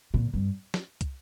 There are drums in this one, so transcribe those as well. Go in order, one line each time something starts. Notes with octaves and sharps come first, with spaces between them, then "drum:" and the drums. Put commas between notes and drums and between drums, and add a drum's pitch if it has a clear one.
A#2
G2
drum: snare
drum: kick, hi-hat